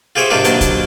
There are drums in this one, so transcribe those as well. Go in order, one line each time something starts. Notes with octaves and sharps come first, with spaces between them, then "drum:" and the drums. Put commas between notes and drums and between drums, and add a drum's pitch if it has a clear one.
F4 G4 G#4 C5 C#5 E5
G#2 C3 D#3 D4 F4 G4
D#2 B2 F3 F#3 D4, drum: hi-hat
drum: kick B1, hi-hat